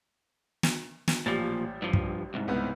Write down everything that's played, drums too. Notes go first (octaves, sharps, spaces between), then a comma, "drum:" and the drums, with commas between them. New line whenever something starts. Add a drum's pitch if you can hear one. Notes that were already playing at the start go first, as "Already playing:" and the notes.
drum: snare
drum: snare
A1 A#2 F3 G3 A6
G2 F3
drum: kick
C2 G#2
C#2 B3